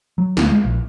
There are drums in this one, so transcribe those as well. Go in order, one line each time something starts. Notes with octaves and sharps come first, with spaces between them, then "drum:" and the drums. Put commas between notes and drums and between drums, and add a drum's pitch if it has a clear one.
F#3
D2, drum: snare
G#3
A#1